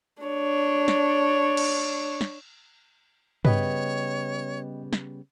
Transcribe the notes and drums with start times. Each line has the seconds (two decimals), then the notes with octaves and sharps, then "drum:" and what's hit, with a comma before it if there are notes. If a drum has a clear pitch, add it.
0.23 D4 C#5
0.88 drum: snare
1.57 drum: cymbal
2.21 drum: snare
3.45 C#3 G3 B3 B4 C#5 D#5 G5, drum: tom G2
4.93 drum: snare